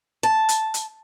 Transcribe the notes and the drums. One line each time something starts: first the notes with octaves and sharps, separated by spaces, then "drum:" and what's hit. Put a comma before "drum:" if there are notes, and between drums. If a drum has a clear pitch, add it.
A5
drum: hi-hat
drum: hi-hat